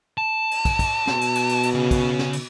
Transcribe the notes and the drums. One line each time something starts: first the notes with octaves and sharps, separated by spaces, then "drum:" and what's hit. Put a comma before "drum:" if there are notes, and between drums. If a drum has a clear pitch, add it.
A5
drum: cymbal
drum: kick, cymbal
drum: kick, cymbal
B2, drum: snare
drum: cymbal
drum: cymbal
drum: cymbal
drum: cymbal
C#3
drum: kick, cymbal
drum: snare
drum: cymbal